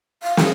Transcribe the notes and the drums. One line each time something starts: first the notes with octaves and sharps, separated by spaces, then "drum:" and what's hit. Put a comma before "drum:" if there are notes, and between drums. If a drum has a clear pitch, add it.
F5
drum: snare